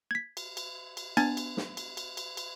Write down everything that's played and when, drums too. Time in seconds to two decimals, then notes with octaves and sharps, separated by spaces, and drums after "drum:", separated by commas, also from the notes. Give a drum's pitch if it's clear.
0.11 G#6 B6
0.37 drum: cymbal
0.57 drum: cymbal
0.97 drum: cymbal
1.17 B3 D4 G#5 G#6 A6, drum: cymbal
1.37 drum: cymbal
1.57 drum: snare
1.77 drum: cymbal
1.97 drum: cymbal
2.17 drum: cymbal
2.37 drum: cymbal